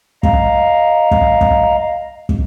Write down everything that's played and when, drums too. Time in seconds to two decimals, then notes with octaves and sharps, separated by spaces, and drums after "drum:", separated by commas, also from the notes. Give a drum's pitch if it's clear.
0.23 D#5 F5 A#5, drum: kick
1.11 drum: kick
1.41 drum: kick
2.29 drum: kick